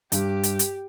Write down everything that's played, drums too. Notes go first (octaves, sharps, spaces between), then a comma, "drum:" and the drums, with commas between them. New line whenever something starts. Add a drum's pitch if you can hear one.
G2 G4, drum: hi-hat
drum: hi-hat
drum: hi-hat